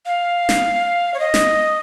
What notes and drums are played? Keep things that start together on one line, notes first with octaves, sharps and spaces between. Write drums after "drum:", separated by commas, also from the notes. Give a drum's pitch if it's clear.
F5
drum: snare
C#5
D#5
drum: snare